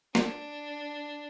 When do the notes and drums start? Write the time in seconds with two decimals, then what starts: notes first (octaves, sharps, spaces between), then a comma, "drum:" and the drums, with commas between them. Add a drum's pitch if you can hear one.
0.15 D4, drum: snare